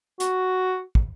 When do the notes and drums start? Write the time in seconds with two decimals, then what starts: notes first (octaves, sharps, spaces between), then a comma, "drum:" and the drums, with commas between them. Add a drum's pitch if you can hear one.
0.20 F#4, drum: hi-hat
0.95 drum: kick